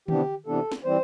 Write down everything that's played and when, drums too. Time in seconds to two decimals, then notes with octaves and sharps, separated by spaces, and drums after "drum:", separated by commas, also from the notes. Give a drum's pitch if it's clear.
0.08 C3 E3 B3 D4 G4, drum: tom D3
0.46 C3 E3 B3 D4 A4
0.72 drum: snare
0.84 E3 G3 C4 C5